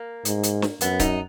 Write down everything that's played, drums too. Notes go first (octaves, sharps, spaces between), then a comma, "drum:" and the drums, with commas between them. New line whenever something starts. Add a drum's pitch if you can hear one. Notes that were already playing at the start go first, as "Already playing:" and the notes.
Already playing: A#3
G#2, drum: hi-hat
drum: hi-hat
drum: snare
F#2 B3, drum: hi-hat
D#4, drum: kick C#1, hi-hat